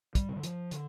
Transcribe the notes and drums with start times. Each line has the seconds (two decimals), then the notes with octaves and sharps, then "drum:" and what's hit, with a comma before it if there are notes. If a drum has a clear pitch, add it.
0.15 G3, drum: kick, hi-hat
0.29 C3
0.36 D3
0.43 F3, drum: hi-hat
0.71 D3, drum: hi-hat